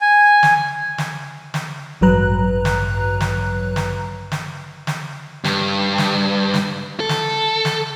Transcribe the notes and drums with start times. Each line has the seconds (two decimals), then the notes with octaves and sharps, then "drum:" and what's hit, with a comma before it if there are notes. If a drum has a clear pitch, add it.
0.01 G#5
0.43 drum: snare
0.98 drum: snare
1.54 drum: snare
2.01 A1 G2 F#3 B4 A#5 F#6
2.65 drum: snare
3.20 drum: snare
3.76 drum: snare
4.32 drum: snare
4.87 drum: snare
5.44 G2, drum: snare
5.98 drum: snare
6.54 drum: snare
7.00 A4
7.09 drum: snare
7.65 drum: snare